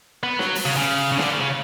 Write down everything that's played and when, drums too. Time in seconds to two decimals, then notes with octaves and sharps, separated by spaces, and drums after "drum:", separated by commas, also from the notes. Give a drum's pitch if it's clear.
0.23 B3
0.39 F#3, drum: snare
0.55 drum: open hi-hat
0.66 C#3
0.77 C#3
1.12 C#3
1.19 D3, drum: snare
1.30 C#3
1.40 C#3